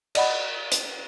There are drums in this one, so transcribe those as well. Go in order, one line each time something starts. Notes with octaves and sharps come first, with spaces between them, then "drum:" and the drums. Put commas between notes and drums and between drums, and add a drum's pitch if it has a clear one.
D5 D#5 F#5 B5, drum: cymbal
drum: hi-hat